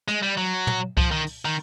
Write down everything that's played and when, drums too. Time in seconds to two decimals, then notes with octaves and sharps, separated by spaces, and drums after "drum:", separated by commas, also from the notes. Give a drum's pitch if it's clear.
0.08 G#3, drum: hi-hat
0.23 G3
0.37 F#3
0.67 drum: tom
0.97 F3, drum: kick C2
1.11 D#3
1.26 drum: open hi-hat
1.45 D#3